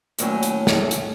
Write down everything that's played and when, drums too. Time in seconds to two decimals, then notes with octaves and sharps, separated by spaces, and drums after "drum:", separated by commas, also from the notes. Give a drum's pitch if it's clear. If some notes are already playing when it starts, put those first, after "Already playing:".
0.19 D#2 A2 F#3 C#4, drum: hi-hat
0.43 drum: hi-hat
0.67 drum: snare
0.91 drum: hi-hat